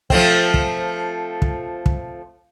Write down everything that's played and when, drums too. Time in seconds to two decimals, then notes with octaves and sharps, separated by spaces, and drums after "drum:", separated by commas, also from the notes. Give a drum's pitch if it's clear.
0.10 F3 A3 C4, drum: kick
0.54 drum: kick
1.42 drum: kick
1.86 drum: kick